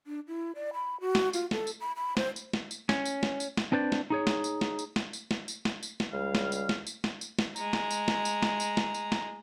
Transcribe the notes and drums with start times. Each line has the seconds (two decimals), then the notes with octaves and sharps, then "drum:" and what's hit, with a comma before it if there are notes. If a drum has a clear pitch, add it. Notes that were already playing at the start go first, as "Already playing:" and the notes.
0.07 D4
0.28 E4
0.55 D5
0.73 B5
1.01 F#4
1.15 drum: snare
1.33 F4, drum: tambourine
1.51 A4, drum: snare
1.67 drum: tambourine
1.81 B5
1.96 B5
2.17 C5, drum: snare
2.36 drum: tambourine
2.53 drum: snare
2.71 drum: tambourine
2.89 C#4, drum: snare
3.05 drum: tambourine
3.23 drum: snare
3.40 drum: tambourine
3.57 drum: snare
3.72 C4 D4 B4 C5 D5
3.92 drum: snare
4.10 D#4 G#4 C#5
4.27 drum: snare
4.44 drum: tambourine
4.61 drum: snare
4.79 drum: tambourine
4.96 drum: snare
5.13 drum: tambourine
5.31 drum: snare
5.48 drum: tambourine
5.65 drum: snare
5.83 drum: tambourine
6.00 drum: snare
6.13 C#2 G3 F5
6.35 drum: snare
6.52 drum: tambourine
6.69 drum: snare
6.87 drum: tambourine
7.04 drum: snare
7.21 drum: tambourine
7.39 drum: snare
7.56 G#3 A#5, drum: tambourine
7.73 drum: snare
7.91 drum: tambourine
8.08 drum: snare
8.25 drum: tambourine
8.43 drum: snare
8.60 drum: tambourine
8.77 drum: snare
8.94 drum: tambourine
9.12 drum: snare